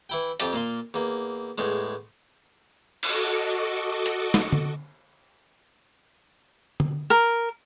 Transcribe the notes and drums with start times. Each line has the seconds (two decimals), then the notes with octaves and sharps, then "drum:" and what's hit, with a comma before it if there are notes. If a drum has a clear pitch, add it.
0.09 E3 E4 G5
0.40 F2 G4 A5, drum: hi-hat
0.53 A#2 A#3 F5 C6
0.94 E2 A#3
1.58 E2 A2 G#3
3.03 F#4 A4 D#5 C#6 D6, drum: cymbal
4.06 drum: hi-hat
4.34 drum: snare
4.52 drum: tom D3
6.80 drum: tom D3
7.10 A#4